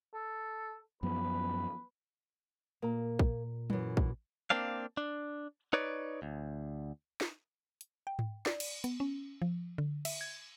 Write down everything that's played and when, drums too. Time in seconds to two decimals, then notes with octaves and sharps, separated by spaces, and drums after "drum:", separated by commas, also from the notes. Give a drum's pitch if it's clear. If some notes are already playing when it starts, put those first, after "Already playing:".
0.14 A4
1.03 F#2 F3 B3 B4
2.82 A#2 A#3 A#4 A#5
3.19 drum: kick
3.70 F#2 E3, drum: tom
3.97 drum: kick
4.50 A#3 C4 D4 F5
4.97 D4
5.73 D#4 B4 C#5 D5
6.22 D2
7.21 drum: snare
7.81 drum: hi-hat
8.07 G5
8.19 drum: tom G#2
8.46 D5, drum: snare
8.60 drum: cymbal
8.84 B3, drum: hi-hat
9.00 C#4
9.42 F3
9.78 D3
10.05 E5, drum: cymbal
10.21 G#6